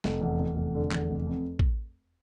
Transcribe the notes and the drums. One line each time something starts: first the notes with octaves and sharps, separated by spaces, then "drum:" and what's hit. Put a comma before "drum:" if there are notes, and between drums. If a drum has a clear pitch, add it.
F1, drum: snare
E2
E2
F1
D3
E2, drum: clap
F1
F2
drum: kick